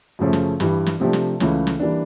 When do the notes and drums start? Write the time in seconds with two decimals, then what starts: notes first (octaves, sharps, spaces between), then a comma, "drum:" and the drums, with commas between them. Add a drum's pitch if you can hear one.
0.19 F#2 C#3 F3 A3 C#4
0.33 drum: snare
0.60 G2 E3 G3, drum: snare
0.86 drum: snare
1.00 C3 F3 A3 D4 G4
1.13 drum: snare
1.40 C#2 C#3 E3 A3 C#4, drum: snare
1.67 drum: snare
1.79 E3 G3 A#3 D4